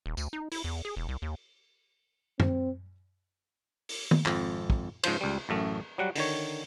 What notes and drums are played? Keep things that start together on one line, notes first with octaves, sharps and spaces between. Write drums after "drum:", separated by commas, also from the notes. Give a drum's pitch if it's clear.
D#1
D2, drum: tambourine
D#4
E4, drum: open hi-hat
E2
G#4
E1
C2
D#2
C4, drum: tom F#2
drum: open hi-hat
drum: tom D#3
G#1 F2, drum: clap
drum: kick
G#2 C#3 F3 C5, drum: cymbal
C#2 G3
A1 F#2 A3
F#3 G3 F#5
D3 D#3 C#5, drum: open hi-hat